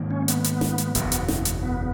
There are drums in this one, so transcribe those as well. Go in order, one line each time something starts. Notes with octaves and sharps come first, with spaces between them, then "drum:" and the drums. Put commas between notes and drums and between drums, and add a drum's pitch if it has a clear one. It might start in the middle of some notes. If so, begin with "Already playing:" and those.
Already playing: G#2 D#3 A#3
C#4
B3, drum: hi-hat
drum: hi-hat
drum: snare
drum: hi-hat
F#1 E2 B2, drum: hi-hat
drum: hi-hat
drum: snare
drum: hi-hat
B3